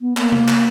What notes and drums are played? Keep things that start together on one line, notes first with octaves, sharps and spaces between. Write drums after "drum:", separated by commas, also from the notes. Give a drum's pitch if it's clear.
B3
A#3, drum: clap
drum: tom C3
drum: clap